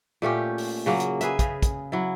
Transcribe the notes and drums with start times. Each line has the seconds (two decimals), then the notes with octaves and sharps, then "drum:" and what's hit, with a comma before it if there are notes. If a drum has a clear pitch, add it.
0.22 A#2 A3 C#4 G4
0.58 drum: open hi-hat
0.86 C#3 F#3 A#3
1.00 drum: hi-hat
1.21 G#4 B4 E5, drum: hi-hat
1.39 C#3, drum: kick, hi-hat
1.62 drum: kick, hi-hat
1.92 F#3 E4